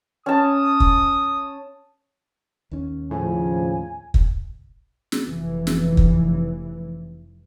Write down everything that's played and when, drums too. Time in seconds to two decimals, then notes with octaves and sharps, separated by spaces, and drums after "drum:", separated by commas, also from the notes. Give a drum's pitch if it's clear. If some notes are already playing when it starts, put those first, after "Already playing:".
0.26 C#4 A5 D#6
0.80 drum: kick
2.71 D#2 C#4
3.11 F2 A2 C#3 F3 G#5
4.14 drum: kick
5.12 drum: snare
5.25 F1 E3
5.67 drum: snare
5.97 drum: kick